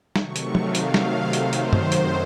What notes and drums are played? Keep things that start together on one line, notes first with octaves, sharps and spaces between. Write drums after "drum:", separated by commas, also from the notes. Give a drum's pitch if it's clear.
C3 D#3 F#3 A3 C#6, drum: snare
drum: hi-hat
F5, drum: tom
drum: hi-hat
drum: snare
C5, drum: hi-hat
drum: hi-hat
F#2 D#3 F#3, drum: tom
drum: hi-hat